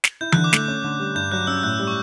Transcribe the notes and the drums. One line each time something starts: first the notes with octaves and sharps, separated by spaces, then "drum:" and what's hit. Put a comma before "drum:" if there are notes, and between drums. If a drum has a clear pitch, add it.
drum: snare
E4 G6
D3 F#6, drum: tom E3
D6
A3 F#6, drum: snare
C#4
D3
G3
G2 G6
F#3 F#6
C#4 E6
A2 F#6
G3
C#6